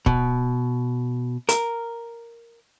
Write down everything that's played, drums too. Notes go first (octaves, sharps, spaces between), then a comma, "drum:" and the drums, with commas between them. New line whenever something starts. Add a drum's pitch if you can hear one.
B2, drum: kick C#1
A#4, drum: hi-hat